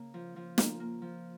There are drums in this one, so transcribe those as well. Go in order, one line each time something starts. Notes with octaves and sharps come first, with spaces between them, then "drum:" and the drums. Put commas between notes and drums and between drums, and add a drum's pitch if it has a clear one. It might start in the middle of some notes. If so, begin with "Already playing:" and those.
Already playing: C#3 A#3
F3
F3
A#3, drum: snare
A#3
F3